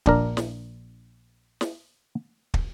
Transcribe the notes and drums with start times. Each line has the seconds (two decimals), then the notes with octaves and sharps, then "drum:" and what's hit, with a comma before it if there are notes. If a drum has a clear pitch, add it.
0.06 A#1 D4 A#4, drum: kick
0.37 drum: snare
1.61 drum: snare
2.54 drum: kick